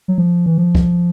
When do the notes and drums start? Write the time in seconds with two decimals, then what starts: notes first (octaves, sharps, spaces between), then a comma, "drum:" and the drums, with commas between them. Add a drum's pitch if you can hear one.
0.08 F#3
0.18 F3
0.46 E3
0.58 F3
0.75 drum: kick C2